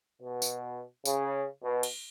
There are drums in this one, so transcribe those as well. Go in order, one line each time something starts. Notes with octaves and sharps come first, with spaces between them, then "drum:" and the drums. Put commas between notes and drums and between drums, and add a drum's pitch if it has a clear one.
B2
drum: tambourine
C#3, drum: tambourine
B2
drum: cymbal